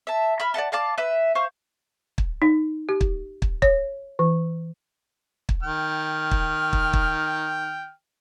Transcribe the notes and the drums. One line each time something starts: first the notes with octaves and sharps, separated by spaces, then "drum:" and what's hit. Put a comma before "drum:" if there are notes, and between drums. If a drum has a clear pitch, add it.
E5 A5
E5 B5 F6
D5 D#5 F#5 A5
D5 F5 A5 D6
B4 E5
C5 F5 C#6
drum: kick
D#4
G4
drum: kick
drum: kick
C#5, drum: kick
E3
drum: kick
D#3 G5 F6
drum: kick
drum: kick
drum: kick